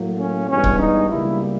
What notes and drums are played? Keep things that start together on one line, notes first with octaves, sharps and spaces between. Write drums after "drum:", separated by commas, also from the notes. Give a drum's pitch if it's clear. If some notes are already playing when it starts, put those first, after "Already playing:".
Already playing: A2 F#3 A#3
C#4
G2 E3 G#3 B3 C#4
drum: kick C#1
D#4
C#2 B2 G3 A#3 E4